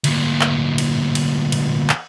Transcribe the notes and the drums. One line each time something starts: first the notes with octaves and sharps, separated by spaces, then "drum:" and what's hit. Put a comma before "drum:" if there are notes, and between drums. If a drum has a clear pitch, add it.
D2 A#2, drum: cymbal
drum: clap
drum: cymbal
drum: cymbal
drum: cymbal
drum: clap